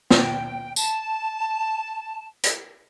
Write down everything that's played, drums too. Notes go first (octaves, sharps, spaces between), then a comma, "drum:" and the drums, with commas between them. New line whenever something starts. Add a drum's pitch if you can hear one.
G5, drum: snare
A5, drum: tambourine
drum: hi-hat